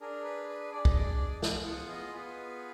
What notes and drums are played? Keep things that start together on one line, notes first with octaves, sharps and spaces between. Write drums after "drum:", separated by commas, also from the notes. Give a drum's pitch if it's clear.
D4 G#4 A#4
B4
B4
D4 G#4 D5
D#5, drum: kick
D5
B3 F4 G#4 F5, drum: snare
F#5
D#5
B3 F4 G#4 B4